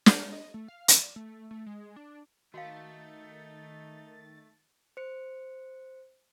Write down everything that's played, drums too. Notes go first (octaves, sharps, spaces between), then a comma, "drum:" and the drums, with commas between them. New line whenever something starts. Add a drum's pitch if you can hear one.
F6, drum: snare
D#5
A3
F5
D5, drum: hi-hat
A3
A3
G#3
D4
D#3 A3 D#4 F#4 F5 A6
C5 C#7